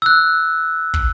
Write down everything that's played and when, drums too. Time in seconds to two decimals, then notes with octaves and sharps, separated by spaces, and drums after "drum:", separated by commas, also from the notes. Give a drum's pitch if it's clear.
0.02 E6 F#6
0.94 drum: kick